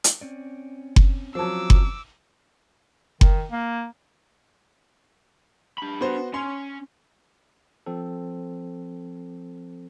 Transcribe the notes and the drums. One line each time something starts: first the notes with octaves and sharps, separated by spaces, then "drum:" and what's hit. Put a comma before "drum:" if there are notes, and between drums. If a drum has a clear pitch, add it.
drum: hi-hat
C4 C#4 D5
drum: kick F#1
F3 F#3 C5 A5 D6 E6
drum: kick F#1
D#3, drum: kick F#1
A#3
D4 B5
B3 F#4 C5
C#4 C6
F3 C4 A4